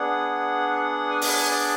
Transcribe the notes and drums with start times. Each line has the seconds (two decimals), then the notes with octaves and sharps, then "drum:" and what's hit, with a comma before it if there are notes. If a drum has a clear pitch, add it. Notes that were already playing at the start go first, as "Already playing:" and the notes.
Already playing: B3 D4 G#4 F#5
1.10 G#5
1.21 drum: open hi-hat
1.48 A5